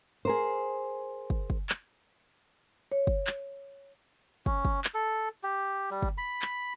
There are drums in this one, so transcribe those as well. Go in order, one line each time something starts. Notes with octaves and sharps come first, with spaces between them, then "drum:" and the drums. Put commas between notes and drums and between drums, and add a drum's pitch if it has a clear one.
G#4 A#4 C5
drum: kick
drum: kick
drum: clap
C#5
drum: kick
drum: clap
C#4, drum: kick
drum: kick
drum: clap
A4
G4
G3
drum: kick
B5
drum: clap